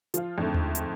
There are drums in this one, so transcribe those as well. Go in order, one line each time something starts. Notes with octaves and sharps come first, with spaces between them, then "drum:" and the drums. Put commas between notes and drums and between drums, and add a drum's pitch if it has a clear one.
F3 F4, drum: hi-hat
F2 G#2 D3 A3
drum: tom D#2
drum: hi-hat